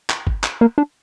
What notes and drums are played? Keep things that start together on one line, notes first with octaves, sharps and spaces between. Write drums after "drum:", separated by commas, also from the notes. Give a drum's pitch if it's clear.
drum: clap
drum: kick
drum: clap
A#3
D4